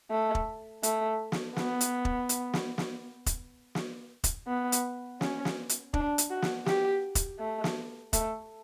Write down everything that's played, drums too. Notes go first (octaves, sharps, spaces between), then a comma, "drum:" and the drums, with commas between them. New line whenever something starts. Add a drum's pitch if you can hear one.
A3
drum: kick
A3, drum: hi-hat
drum: snare
B3, drum: snare
drum: hi-hat
drum: kick
drum: hi-hat
drum: snare
drum: snare
drum: kick, hi-hat
drum: snare
drum: kick, hi-hat
B3
drum: hi-hat
C#4, drum: snare
drum: snare
drum: hi-hat
D4, drum: kick
drum: hi-hat
F#4
drum: snare
G4, drum: snare
drum: kick, hi-hat
A3
drum: snare
A3, drum: kick, hi-hat